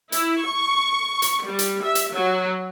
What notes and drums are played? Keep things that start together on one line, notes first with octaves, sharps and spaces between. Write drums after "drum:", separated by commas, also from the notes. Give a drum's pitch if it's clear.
E4, drum: hi-hat
C#6
drum: hi-hat
G3
drum: hi-hat
E5
drum: hi-hat
F#3